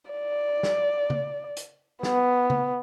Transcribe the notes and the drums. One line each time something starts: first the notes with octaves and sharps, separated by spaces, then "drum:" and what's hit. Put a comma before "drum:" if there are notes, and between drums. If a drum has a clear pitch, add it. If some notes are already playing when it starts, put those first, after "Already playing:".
D5
drum: snare
drum: tom C#3
drum: hi-hat
B3, drum: snare
drum: tom C#3